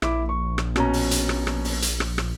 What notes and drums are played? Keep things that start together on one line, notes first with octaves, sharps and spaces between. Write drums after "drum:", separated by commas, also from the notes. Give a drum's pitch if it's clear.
A#1 E4 D6, drum: rim click
C#6
drum: rim click
B2 C#4 A#5, drum: rim click
drum: open hi-hat
drum: hi-hat
drum: rim click
drum: rim click
drum: open hi-hat
drum: hi-hat
drum: rim click
drum: rim click